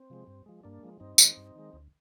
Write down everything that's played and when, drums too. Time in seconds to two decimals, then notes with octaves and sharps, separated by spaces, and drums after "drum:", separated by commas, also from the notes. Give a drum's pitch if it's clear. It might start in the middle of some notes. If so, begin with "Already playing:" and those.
Already playing: C4
0.10 C3 F3 G#3
0.27 G2
0.46 F3 G#3
0.63 G2 A#3 D4
0.83 F3 G#3
1.00 G2 C4 D#4
1.18 D#3 G#3, drum: tambourine
1.37 G2
1.56 D#3 G#3
1.73 D2